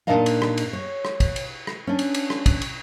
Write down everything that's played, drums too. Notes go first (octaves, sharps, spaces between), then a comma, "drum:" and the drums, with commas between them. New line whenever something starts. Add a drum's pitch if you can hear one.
A#2 F3 D4 D#4 D#5 F5
drum: cymbal
drum: rim click
drum: cymbal
C#5
drum: rim click
drum: kick, cymbal
drum: cymbal
drum: rim click
C#4 D4
drum: cymbal
drum: cymbal
drum: rim click
drum: kick, cymbal
drum: cymbal